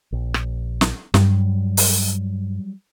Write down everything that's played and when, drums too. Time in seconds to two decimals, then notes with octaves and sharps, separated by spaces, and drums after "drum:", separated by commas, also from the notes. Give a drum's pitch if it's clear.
0.12 A#1
0.34 drum: rim click
0.81 drum: snare
1.14 G2 F#3 G3, drum: snare
1.77 drum: open hi-hat